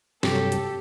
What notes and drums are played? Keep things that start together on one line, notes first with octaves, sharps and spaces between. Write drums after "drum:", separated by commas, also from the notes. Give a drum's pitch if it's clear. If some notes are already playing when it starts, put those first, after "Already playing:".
G2 C3 F#3 G4 A4, drum: snare
drum: hi-hat